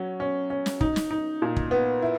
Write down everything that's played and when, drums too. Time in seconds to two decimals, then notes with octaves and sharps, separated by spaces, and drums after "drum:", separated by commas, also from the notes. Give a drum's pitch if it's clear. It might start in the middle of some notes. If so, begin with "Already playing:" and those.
Already playing: F#3 C#4
0.20 C#4
0.50 C#4
0.66 drum: snare
0.81 D#4, drum: kick
0.96 drum: snare
1.11 D#4
1.42 A#2
1.56 drum: kick
1.71 B3
2.02 E4